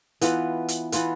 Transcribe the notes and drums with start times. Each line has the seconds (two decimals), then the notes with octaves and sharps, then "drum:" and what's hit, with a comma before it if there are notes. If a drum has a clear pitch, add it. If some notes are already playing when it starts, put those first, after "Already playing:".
0.21 E3 B3 F4 B4, drum: hi-hat
0.68 drum: hi-hat
0.92 E3 B3 F4 B4, drum: hi-hat